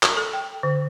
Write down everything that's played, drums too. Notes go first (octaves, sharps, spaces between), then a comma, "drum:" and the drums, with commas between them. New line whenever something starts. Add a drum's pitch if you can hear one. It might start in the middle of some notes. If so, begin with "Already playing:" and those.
drum: clap
A4
G5
D3